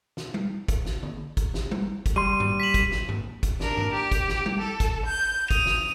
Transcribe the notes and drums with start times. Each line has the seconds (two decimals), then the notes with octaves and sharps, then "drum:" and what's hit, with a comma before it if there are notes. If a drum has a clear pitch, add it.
0.17 drum: snare
0.34 drum: tom G3
0.68 drum: kick, hi-hat
0.86 drum: snare
1.03 drum: tom D3
1.37 drum: kick, hi-hat
1.54 drum: snare
1.71 drum: tom G3
2.06 drum: kick, hi-hat
2.16 G3 C6 D#7
2.40 drum: tom G2
2.60 B6 E7 F#7
2.74 drum: kick, hi-hat
2.91 drum: snare
3.09 drum: tom G2
3.43 drum: kick, hi-hat
3.60 D4 A#4, drum: snare
3.77 drum: tom G2
3.94 G4
4.12 drum: kick, hi-hat
4.29 drum: snare
4.46 drum: tom G3
4.60 A4
4.80 drum: kick, hi-hat
5.06 G6
5.51 D#6 F7, drum: kick, hi-hat
5.66 drum: snare